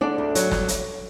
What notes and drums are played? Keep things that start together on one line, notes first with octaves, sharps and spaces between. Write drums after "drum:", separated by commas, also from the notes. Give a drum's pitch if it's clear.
D3 D4 D5
D2
F#3, drum: hi-hat
drum: snare
drum: hi-hat